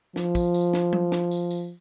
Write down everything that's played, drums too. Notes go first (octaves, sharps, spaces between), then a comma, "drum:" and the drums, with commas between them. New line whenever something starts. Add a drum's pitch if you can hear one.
F3, drum: snare
drum: kick, tambourine
drum: tambourine
drum: snare
drum: tom F#3
drum: snare
drum: tambourine
drum: tambourine